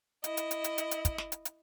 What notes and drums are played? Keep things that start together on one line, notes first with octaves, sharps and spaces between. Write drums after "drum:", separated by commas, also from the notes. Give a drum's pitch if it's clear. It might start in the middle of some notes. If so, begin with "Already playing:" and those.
E4 D#5, drum: hi-hat
drum: hi-hat
drum: hi-hat
drum: hi-hat
drum: hi-hat
drum: hi-hat
drum: kick, hi-hat
drum: snare
drum: hi-hat
drum: hi-hat